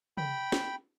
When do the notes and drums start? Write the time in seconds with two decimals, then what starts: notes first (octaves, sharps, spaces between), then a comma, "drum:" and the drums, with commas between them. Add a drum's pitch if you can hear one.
0.17 G5 B5, drum: tom
0.52 drum: snare